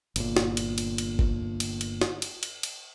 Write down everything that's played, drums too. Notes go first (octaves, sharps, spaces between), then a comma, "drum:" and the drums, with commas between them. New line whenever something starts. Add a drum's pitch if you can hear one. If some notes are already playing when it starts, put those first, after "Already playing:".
G1 A#2, drum: cymbal
drum: snare
drum: cymbal
drum: cymbal
drum: cymbal
drum: kick G1
drum: cymbal
drum: cymbal
drum: snare
drum: cymbal
drum: cymbal
drum: cymbal